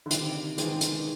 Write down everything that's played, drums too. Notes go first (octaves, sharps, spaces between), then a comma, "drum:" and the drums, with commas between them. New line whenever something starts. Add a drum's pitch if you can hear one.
D3
C3 D#3, drum: hi-hat
D#3 E3 G#3 C4, drum: hi-hat
drum: hi-hat